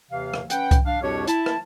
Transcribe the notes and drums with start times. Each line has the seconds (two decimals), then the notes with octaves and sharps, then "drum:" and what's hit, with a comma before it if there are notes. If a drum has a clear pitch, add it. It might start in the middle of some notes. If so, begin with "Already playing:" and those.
0.11 D#2 C3 E3 F5
0.34 drum: rim click
0.50 C#4 B4 F#5 G5, drum: hi-hat
0.71 drum: kick C2, hi-hat
0.86 D4 F5
1.02 C2 F2 B2 D4 G4 C#5
1.27 E4 A5, drum: hi-hat
1.46 drum: rim click